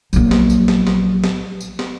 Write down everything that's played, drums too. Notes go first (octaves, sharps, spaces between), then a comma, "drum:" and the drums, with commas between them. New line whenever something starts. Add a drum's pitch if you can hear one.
A#1 F#3, drum: tambourine
drum: snare
drum: tambourine
drum: snare
drum: snare
drum: snare
drum: tambourine
drum: snare